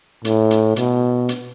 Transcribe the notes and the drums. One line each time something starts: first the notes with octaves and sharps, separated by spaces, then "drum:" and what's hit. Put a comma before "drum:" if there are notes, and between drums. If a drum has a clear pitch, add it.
A2, drum: hi-hat
drum: hi-hat
B2, drum: hi-hat
drum: hi-hat